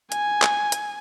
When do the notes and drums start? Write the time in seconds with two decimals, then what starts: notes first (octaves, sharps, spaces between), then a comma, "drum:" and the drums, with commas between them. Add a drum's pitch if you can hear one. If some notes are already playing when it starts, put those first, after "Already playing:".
0.12 G#5, drum: hi-hat
0.42 drum: clap
0.72 drum: hi-hat